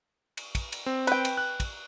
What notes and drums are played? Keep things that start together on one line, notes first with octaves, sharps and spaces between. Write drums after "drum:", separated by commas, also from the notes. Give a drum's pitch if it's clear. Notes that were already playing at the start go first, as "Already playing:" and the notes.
drum: cymbal
drum: kick, cymbal
drum: cymbal
C4
B4 G5, drum: cymbal
drum: cymbal
F#6
drum: kick, cymbal